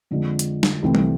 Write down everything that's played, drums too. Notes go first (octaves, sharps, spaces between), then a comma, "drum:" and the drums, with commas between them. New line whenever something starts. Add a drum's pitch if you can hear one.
F2 D3 F3 G#3
drum: hi-hat
drum: snare
C2 C3 E3 A3 C4
drum: tom